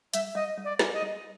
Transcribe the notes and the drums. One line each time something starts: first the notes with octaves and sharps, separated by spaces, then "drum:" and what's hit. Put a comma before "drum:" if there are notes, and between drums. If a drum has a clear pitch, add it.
G3 E5, drum: hi-hat
G3 D#5
G3
D5
G3, drum: snare
D#5
G3